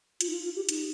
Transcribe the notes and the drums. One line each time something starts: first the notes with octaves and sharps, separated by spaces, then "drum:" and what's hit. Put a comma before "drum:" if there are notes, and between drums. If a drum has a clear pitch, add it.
F4, drum: hi-hat
D#4
F4
F4
G4
D#4, drum: hi-hat